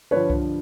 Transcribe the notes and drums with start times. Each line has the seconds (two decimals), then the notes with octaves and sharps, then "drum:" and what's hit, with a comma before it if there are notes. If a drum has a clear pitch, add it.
0.11 G2 D3 F3 B4 C#5
0.30 drum: kick C2